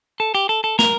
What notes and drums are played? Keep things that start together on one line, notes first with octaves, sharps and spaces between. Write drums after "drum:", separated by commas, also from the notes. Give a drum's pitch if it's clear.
A4
G4
A4
A4
A#4, drum: snare